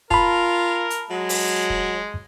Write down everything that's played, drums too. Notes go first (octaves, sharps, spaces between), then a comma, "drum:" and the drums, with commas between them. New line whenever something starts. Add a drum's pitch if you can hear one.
F4 A#4 A5 B5, drum: kick
drum: hi-hat
F#3 G#3
drum: open hi-hat
drum: kick